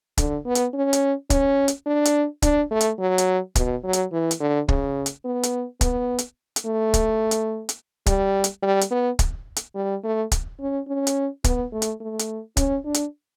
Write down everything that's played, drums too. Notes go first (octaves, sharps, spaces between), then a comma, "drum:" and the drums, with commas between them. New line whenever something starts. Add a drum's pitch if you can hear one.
D3, drum: kick, hi-hat
B3
drum: hi-hat
C#4
drum: hi-hat
C#4, drum: kick, hi-hat
drum: hi-hat
D4
drum: hi-hat
D4, drum: kick, hi-hat
A3
drum: hi-hat
F#3
drum: hi-hat
B2, drum: kick, hi-hat
F#3
drum: hi-hat
E3
drum: hi-hat
D3
C#3, drum: kick
drum: hi-hat
B3
drum: hi-hat
B3, drum: kick, hi-hat
drum: hi-hat
drum: hi-hat
A3
drum: kick, hi-hat
drum: hi-hat
drum: hi-hat
G3, drum: kick, hi-hat
drum: hi-hat
G3
drum: hi-hat
B3
drum: kick, hi-hat
drum: hi-hat
G3
A3
drum: kick, hi-hat
C#4
C#4
drum: hi-hat
B3, drum: kick, hi-hat
A3
drum: hi-hat
A3
drum: hi-hat
C#4, drum: kick, hi-hat
D4
drum: hi-hat